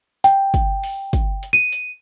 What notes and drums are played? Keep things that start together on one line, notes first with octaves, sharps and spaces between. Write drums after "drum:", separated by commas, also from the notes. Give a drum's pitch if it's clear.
G5, drum: hi-hat
drum: kick, hi-hat
drum: open hi-hat
drum: kick, hi-hat
drum: hi-hat
D#7
drum: hi-hat